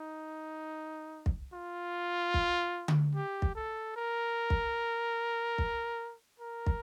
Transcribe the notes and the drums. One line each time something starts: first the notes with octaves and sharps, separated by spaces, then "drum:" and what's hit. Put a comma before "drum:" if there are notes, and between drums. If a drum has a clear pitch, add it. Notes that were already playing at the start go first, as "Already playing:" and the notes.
Already playing: D#4
drum: kick
F4
drum: kick
drum: tom D3
G4
drum: kick
A4
A#4
drum: kick
drum: kick
A#4
drum: kick